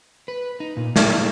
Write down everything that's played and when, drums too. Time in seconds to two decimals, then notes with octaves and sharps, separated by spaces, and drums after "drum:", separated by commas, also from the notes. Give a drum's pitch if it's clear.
0.28 B4
0.60 D#4
0.77 A#2
0.96 A#3, drum: snare
1.11 A#3